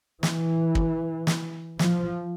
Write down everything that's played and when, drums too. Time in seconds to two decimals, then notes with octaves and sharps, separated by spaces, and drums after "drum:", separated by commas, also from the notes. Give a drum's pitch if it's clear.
0.23 E3, drum: snare
0.75 drum: kick
1.27 drum: snare
1.79 F3, drum: snare